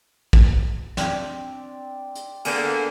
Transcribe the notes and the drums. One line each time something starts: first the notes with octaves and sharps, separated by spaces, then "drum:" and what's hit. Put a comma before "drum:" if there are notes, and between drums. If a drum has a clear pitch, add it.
drum: kick
C4 D4 D5, drum: snare
drum: hi-hat
D3 A#3 B3 G#4, drum: cymbal